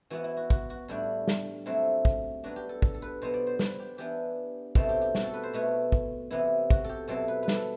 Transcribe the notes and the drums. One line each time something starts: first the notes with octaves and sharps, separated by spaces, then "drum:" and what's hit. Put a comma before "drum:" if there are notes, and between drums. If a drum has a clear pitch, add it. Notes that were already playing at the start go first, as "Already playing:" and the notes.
E3 B3 E4 F#4
E4
F#4
F#4, drum: kick
F#4
A2 G3 D4 E4
drum: snare
C3 F#3 A3 C4 E4
drum: kick
F#3 B3 D4 F#4
G4
A4
A4, drum: kick
A4
B4
B2 F#3 B3 C5
D5
C5
B4, drum: snare
G4
E3 B3 D4 G4
B2 A3 C4 E4, drum: kick
G4
G4
F#4, drum: snare
A4
B4
C5
B2 A3 E4 B4
drum: kick
C3 E3 B3 E4
F#4, drum: kick
G4 A4
B2 F#3 C4 E4 A4
B4
B4
A4, drum: snare